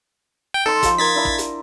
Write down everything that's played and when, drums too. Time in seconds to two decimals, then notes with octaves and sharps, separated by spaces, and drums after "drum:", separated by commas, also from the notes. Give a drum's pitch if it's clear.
0.54 G5
0.66 D#4 A4 C6
0.83 F3 D#4 E6, drum: kick, hi-hat
0.98 D#4 A#4 G#6 A6 B6
1.15 D4 E4 A#5
1.25 drum: kick
1.38 drum: hi-hat